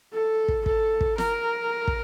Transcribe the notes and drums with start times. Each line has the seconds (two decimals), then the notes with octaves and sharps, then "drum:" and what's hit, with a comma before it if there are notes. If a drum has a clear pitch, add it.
0.13 A4
0.48 drum: kick
0.66 A4, drum: kick
1.01 drum: kick
1.18 A#4, drum: snare
1.88 drum: kick